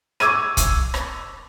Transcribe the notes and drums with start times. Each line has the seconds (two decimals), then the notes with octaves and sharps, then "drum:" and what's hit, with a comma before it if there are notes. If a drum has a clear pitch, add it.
0.20 C#6 D6 E6 G#6 D#7, drum: rim click
0.57 drum: kick, hi-hat
0.94 drum: rim click